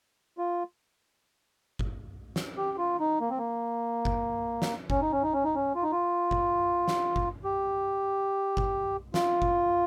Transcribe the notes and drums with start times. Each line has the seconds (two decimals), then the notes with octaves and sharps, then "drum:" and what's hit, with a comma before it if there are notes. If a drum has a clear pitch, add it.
0.38 F4
1.79 drum: kick G1
2.36 drum: snare
2.57 G4
2.78 F4
3.00 D#4
3.20 A#3
3.30 C4
3.38 A#3
4.05 drum: kick G1
4.62 drum: snare
4.90 C#4, drum: kick G1
5.01 D#4
5.12 C#4
5.22 D#4
5.33 C#4
5.44 D#4
5.55 C#4
5.75 F4
5.83 D#4
5.92 F4
6.31 drum: kick G1
6.88 drum: snare
7.16 drum: kick G1
7.44 G4
8.57 drum: kick G1
9.14 F4, drum: snare
9.42 drum: kick G1